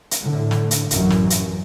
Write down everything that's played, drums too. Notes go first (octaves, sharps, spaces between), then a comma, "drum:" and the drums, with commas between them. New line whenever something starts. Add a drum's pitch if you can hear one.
drum: hi-hat
A2 D3
drum: snare
drum: hi-hat
A1 F#2, drum: hi-hat
drum: snare
drum: hi-hat